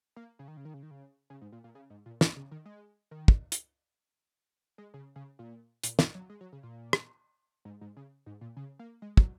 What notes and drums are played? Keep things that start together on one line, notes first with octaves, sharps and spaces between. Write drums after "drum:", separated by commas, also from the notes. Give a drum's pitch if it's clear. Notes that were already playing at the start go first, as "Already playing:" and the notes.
A#3
C#3
D#3
C#3
D#3
C#3
D#3
C#3
C#3
G#2
A#2
A#2
C#3
G#2
A#2
A#2, drum: snare
C#3
D#3
G#3
D#3
drum: kick
drum: hi-hat
G#3
C#3
C#3
A#2
A#2, drum: hi-hat
A#2, drum: snare
F#3
G#3
F#3
C#3
A#2
drum: rim click
G#2
G#2
C#3
G#2
A#2
C#3
A#3
G#3
F#3, drum: kick